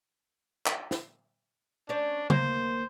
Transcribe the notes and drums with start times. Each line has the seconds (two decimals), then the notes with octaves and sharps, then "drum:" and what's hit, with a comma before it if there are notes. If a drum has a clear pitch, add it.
0.66 drum: clap
0.91 drum: snare
1.89 C#4 D4 C5 D5
2.30 D#2 A#3 C5, drum: tom C#3